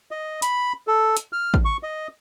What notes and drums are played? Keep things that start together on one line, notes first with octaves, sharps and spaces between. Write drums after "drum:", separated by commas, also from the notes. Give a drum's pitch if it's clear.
D#5
B5, drum: hi-hat
A4
drum: hi-hat
F6
drum: kick A1
C#6
D#5